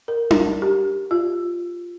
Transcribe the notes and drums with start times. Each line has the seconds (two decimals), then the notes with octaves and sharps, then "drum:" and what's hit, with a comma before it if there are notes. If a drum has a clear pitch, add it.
0.08 A#4
0.31 drum: tom D4
0.62 G4
1.11 F4